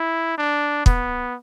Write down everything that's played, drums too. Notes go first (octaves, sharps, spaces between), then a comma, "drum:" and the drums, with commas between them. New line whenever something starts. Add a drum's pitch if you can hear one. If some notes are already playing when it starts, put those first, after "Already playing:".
Already playing: E4
D4
B3, drum: kick